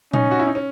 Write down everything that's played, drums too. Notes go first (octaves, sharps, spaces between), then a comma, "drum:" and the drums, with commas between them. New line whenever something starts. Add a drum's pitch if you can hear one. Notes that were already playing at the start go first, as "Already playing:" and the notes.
C#4 D#4, drum: tom A#2
F#4
E4
D#4
C#4